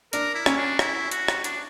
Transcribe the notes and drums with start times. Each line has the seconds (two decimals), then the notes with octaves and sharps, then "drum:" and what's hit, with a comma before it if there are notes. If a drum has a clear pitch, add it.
0.13 D4 A#4, drum: hi-hat
0.35 E4
0.46 C#4, drum: rim click
0.57 D4
0.79 E4, drum: rim click
1.11 F#4, drum: hi-hat
1.28 drum: rim click
1.44 D4, drum: hi-hat